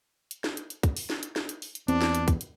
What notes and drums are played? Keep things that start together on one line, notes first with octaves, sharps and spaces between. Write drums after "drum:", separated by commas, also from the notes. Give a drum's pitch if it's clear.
drum: hi-hat
drum: snare
drum: hi-hat
drum: hi-hat
drum: kick, hi-hat
drum: open hi-hat
drum: snare
drum: hi-hat
drum: snare
drum: hi-hat
drum: open hi-hat
drum: hi-hat
E2 C4 D4, drum: hi-hat
drum: snare
drum: hi-hat
drum: kick, hi-hat
drum: hi-hat